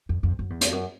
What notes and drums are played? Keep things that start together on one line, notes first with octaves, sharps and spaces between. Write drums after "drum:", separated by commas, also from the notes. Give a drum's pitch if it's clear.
F2
F2
F#2
E2
F2, drum: hi-hat
F#2